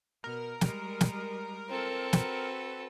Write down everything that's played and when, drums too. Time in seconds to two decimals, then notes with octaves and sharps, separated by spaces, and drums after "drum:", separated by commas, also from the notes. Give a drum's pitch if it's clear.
0.24 B2 A#4
0.61 G3 G#3, drum: snare
1.01 drum: snare
1.69 C4 F4 A4
2.13 F#4 B4, drum: snare